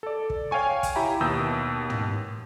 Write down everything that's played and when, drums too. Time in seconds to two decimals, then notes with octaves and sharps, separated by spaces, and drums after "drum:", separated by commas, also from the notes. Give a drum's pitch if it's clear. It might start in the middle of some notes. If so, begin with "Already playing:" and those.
0.03 A4 D5
0.30 drum: kick
0.51 C#5 F5 G5 G#5 C#6
0.83 drum: kick, hi-hat
0.96 E4 G4 E5 G5 A#5 B5
1.21 D#2 B2 G4 D#6 E6 G6
1.90 drum: tom